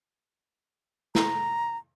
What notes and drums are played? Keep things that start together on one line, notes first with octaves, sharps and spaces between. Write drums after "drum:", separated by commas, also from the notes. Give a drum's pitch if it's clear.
A#5, drum: snare